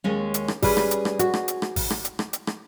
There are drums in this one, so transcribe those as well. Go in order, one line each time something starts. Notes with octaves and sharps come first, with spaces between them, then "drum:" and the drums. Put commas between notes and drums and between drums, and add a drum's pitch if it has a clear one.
D#2 G#3 C#4
drum: hi-hat
drum: rim click
G3 C#4 G#4 B4, drum: kick G#1, open hi-hat
drum: rim click
drum: hi-hat
drum: rim click
F#4, drum: hi-hat
drum: rim click
drum: hi-hat
drum: rim click
drum: kick G#1, open hi-hat
drum: rim click
drum: hi-hat
drum: rim click
drum: hi-hat
drum: rim click